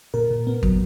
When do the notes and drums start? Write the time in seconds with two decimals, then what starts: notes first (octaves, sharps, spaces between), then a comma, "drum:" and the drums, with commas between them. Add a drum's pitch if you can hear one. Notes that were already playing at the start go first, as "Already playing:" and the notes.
0.14 A#2 A#4
0.31 A#2
0.47 B3
0.63 F#3, drum: kick